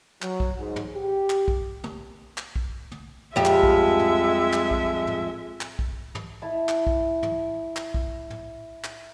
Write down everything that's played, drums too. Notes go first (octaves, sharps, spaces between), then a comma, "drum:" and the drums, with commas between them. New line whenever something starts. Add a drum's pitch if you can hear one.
F#3, drum: clap
drum: kick B1
G#2
drum: tom
G4
drum: clap
drum: kick B1
drum: tom
drum: clap
drum: kick B1
drum: tom
F2 G3 G#3 G4 E5
drum: clap
drum: kick B1
drum: tom
drum: clap
drum: kick B1
drum: tom
drum: clap
drum: kick B1
drum: tom
E4 A5
drum: clap
drum: kick B1
drum: tom
drum: clap
drum: kick B1
drum: tom
drum: clap